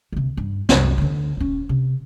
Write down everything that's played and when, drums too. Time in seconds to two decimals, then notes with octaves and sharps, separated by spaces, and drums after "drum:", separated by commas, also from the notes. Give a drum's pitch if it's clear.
0.12 D2 C3
0.37 G2
0.69 C2 F#2, drum: snare
0.98 D2 D3
1.37 D#1 C#4
1.69 C3